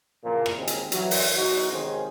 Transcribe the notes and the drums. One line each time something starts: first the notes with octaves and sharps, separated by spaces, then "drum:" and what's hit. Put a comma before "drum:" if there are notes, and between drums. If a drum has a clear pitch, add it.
E2 A#2 C#3 F3 A#3
drum: rim click
G#1 D#2 D#3 G#3 C4
drum: hi-hat
E3 F#3, drum: hi-hat
drum: open hi-hat
E2 F#3 D#4 F#4
G#1 C3 D#3 C#4 G#4 C5